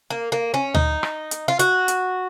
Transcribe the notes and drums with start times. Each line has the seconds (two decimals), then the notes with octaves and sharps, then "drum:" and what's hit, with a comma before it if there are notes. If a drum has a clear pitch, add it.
0.10 A#3
0.32 A#3
0.54 C#4
0.75 D#4, drum: tom D2
1.03 drum: rim click
1.31 drum: hi-hat
1.48 F4
1.59 F#4, drum: hi-hat
1.88 drum: hi-hat